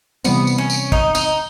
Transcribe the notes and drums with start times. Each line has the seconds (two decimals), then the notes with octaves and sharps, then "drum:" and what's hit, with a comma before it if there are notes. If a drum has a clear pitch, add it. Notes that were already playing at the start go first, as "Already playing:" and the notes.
0.24 C3 E3 G3 B3 C4, drum: tambourine
0.47 drum: tambourine
0.58 C#4
0.70 drum: tambourine
0.92 D#4, drum: kick
1.15 D#4, drum: tambourine